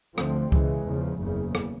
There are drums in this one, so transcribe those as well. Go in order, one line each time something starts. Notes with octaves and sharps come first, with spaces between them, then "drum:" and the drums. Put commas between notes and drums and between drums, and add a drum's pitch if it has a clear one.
D2 D3 F3 A3 C4, drum: rim click
C#2 C#3 E3 G#3, drum: kick C#2
E2 C#3 F3
F#1 E2 C#3
drum: rim click